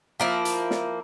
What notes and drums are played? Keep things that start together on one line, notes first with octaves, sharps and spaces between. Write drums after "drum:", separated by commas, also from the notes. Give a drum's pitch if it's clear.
F3 A#3 E4
drum: hi-hat
drum: snare